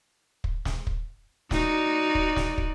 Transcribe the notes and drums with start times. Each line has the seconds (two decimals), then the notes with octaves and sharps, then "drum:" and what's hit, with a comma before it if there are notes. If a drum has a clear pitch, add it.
0.44 drum: kick
0.65 drum: snare
0.87 drum: kick
1.51 D#4 F#4 D5, drum: snare
2.15 drum: kick
2.36 drum: snare
2.58 drum: kick